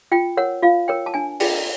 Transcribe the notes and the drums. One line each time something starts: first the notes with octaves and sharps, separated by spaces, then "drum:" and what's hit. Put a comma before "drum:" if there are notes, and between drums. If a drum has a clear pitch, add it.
F4 G5
A#4 C#5 F#5
F4 F5
A#4 C#5 G5
A5
D4 G#5
F4 G#4 G5, drum: open hi-hat